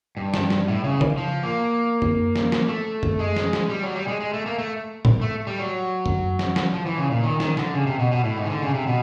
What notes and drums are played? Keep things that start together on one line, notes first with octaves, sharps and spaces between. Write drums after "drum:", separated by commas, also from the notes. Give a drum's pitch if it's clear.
G2
drum: snare
drum: snare
A2
C#3
drum: tom C#3
F3
A#3
drum: tom F#2
drum: snare
drum: snare
A3
drum: tom F#2
G#3
drum: snare
drum: snare
G3
F#3
G3
G#3
G#3
A3
A#3
A3
drum: tom A2
A3
G3
F#3
drum: tom F#2
drum: snare
drum: snare
F3
E3
C#3
A#2
D#3
D#3, drum: snare
D3, drum: snare
C#3
C3
B2
B2
A2
G#2
D#3
D3
C#3
C3
B2